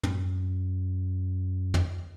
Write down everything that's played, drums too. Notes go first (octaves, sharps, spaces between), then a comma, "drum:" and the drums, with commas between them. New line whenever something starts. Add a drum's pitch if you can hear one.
F#2, drum: tom
drum: tom